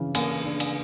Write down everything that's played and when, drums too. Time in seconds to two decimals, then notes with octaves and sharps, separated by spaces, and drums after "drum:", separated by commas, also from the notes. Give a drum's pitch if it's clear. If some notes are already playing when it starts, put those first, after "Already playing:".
Already playing: C#3 E3
0.15 A#3, drum: cymbal
0.44 D4
0.60 drum: cymbal